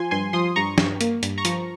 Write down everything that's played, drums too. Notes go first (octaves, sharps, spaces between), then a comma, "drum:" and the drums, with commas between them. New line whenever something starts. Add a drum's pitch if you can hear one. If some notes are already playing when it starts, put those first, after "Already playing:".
Already playing: F3 G#5 C6
G2 G#5 C6
F3 C6 D#6
G2 A#5 C#6
G2, drum: snare
A#3, drum: hi-hat
G2, drum: hi-hat
A#5 C#6
F3, drum: hi-hat